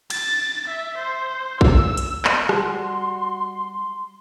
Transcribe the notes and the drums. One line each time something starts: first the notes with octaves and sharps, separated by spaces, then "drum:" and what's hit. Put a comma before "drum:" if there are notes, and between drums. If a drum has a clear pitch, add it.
A6, drum: cymbal
E5
C5
E6, drum: kick
drum: hi-hat
drum: clap
G3 F#4 C6, drum: rim click